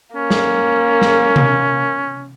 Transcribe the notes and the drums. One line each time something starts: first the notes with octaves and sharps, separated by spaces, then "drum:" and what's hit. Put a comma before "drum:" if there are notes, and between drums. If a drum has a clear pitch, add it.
A#3 C#4
drum: snare
drum: snare
drum: tom C3